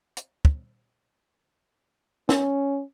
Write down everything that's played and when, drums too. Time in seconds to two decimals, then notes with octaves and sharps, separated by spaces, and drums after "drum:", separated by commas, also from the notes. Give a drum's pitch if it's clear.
0.17 drum: hi-hat
0.45 drum: kick
2.29 C#4, drum: snare